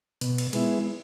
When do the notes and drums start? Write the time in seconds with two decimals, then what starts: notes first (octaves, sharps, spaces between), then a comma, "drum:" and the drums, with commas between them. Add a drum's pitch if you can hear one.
0.21 B2, drum: hi-hat
0.38 drum: cymbal
0.53 G#3 B3 E4, drum: cymbal